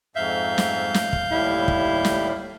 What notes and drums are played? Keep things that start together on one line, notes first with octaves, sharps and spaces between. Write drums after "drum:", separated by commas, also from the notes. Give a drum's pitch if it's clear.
F2 G#2 E5 F5 G6
drum: snare
drum: snare
drum: kick
D#2 A2 G3 E4
drum: kick
drum: snare